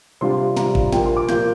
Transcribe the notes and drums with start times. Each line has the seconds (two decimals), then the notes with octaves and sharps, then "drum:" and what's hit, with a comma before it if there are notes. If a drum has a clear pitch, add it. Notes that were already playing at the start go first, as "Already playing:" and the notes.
0.21 C3 G3 D4 F4 C6
0.57 C3 G3 D4 F4 A#5, drum: snare
0.75 drum: kick G#1
0.93 A#2 F3 A#3 G5, drum: snare
1.05 C6
1.17 D6
1.29 A#2 F3 A#3 G6, drum: snare